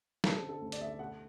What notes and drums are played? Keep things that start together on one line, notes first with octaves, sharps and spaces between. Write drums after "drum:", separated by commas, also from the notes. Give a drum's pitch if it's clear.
C4 A4, drum: snare
A4
D3
A4
D2
D5, drum: hi-hat
A3 E5
A3 F#5